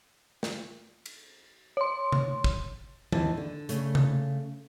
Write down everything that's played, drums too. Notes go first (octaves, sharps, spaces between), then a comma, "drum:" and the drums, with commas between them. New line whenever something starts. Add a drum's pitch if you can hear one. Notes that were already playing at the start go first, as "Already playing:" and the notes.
drum: snare
drum: cymbal
C#5 C6
drum: tom C3
drum: kick
D#2 E3 A5, drum: tom E3
D3
C#3 A3, drum: hi-hat
drum: tom C3